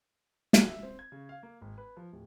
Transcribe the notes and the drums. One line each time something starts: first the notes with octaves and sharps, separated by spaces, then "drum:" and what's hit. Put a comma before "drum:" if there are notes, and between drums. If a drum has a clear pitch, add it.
drum: snare
E5
C4
G#6
C#3
F5
A#3
G#1
B4
F3
D1